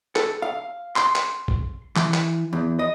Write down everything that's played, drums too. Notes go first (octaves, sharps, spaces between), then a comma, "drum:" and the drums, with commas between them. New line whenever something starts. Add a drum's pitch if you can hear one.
A4, drum: clap
F5
C6, drum: clap
drum: clap
drum: kick G#1
E3, drum: clap
drum: clap
E2
D#5